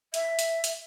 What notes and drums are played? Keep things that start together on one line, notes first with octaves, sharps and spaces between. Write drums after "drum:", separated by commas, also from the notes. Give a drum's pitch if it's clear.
E5, drum: hi-hat
drum: hi-hat
drum: hi-hat